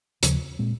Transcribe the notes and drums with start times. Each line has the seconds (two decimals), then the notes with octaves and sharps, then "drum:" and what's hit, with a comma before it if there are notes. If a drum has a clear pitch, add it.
0.23 D#2 C#3 F3, drum: hi-hat
0.59 A#2 G#3 C4